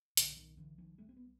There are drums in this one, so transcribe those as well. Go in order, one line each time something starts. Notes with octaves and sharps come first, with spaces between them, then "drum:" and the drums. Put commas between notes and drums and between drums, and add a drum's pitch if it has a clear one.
B1 A#2 D3, drum: hi-hat
D#3
D3 E3
D#3 F3
G3 A3
C4
B3